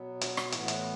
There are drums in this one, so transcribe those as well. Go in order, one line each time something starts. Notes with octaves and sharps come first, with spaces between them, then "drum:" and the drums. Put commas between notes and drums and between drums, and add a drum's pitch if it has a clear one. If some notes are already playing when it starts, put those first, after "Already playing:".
Already playing: B2 F#3 B3
D4, drum: hi-hat
drum: rim click
A2 E3 B3 E4, drum: hi-hat
drum: hi-hat